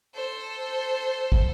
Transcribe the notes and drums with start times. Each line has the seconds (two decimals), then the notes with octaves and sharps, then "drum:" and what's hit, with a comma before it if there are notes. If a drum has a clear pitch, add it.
0.14 A4 C5
1.32 drum: kick